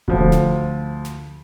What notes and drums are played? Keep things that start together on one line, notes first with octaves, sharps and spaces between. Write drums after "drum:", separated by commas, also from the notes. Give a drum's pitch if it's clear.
D2 F3, drum: kick D#1
drum: snare
drum: snare